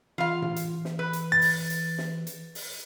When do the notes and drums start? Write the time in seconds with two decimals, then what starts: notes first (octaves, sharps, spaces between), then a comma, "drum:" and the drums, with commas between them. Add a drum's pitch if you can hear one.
0.18 E3 F4 F5
0.42 drum: tom A2
0.56 drum: hi-hat
0.85 drum: snare
0.99 B4
1.13 drum: hi-hat
1.32 A6
1.42 drum: open hi-hat
1.70 drum: hi-hat
1.98 drum: snare
2.27 drum: hi-hat
2.55 drum: open hi-hat